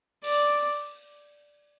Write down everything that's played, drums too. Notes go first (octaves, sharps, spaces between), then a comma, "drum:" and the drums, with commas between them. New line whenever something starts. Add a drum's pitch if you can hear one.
D5, drum: open hi-hat